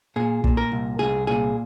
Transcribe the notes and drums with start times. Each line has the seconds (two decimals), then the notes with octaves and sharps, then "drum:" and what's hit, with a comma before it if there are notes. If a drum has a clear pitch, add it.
0.16 A#2 G#4
0.44 A#2, drum: kick
0.57 A#4
0.72 C2
0.99 C2 G#4
1.27 A#2 G#4